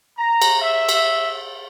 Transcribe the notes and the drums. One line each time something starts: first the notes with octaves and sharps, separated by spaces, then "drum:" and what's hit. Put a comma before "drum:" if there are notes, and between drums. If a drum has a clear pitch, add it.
A#5
drum: cymbal
E5
drum: cymbal